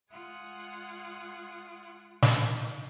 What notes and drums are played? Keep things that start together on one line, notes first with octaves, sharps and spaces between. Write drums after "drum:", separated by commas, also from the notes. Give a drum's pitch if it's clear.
G#3 F4 F#5 D#6 G#6
D3 D#3, drum: snare